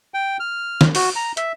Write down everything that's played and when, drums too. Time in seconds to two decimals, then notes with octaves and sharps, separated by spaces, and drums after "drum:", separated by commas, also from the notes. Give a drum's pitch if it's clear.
0.14 G5
0.40 F6
0.81 drum: snare
0.95 F#4, drum: open hi-hat
1.16 A#5
1.37 E5, drum: hi-hat